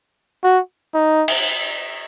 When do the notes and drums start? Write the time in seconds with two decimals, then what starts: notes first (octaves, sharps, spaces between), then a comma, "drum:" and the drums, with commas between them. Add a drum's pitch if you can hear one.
0.44 F#4
0.95 D#4
1.28 drum: cymbal